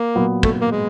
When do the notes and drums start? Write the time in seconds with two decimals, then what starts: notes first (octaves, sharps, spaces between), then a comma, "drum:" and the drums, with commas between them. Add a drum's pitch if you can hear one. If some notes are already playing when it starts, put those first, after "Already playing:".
Already playing: A#3
0.15 A#2 F#3 B3
0.43 A3, drum: kick
0.61 A#3
0.71 G#3